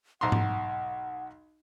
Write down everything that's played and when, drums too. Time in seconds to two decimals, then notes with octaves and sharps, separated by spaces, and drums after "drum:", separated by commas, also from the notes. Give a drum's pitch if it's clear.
0.21 B1 F#5 A#5 C6
0.32 drum: tom G#2